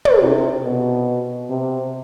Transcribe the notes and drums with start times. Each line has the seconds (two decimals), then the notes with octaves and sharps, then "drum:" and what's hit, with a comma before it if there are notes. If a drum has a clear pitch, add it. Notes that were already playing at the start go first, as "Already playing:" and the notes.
0.05 drum: tom
0.21 C3
0.64 B2
1.50 C3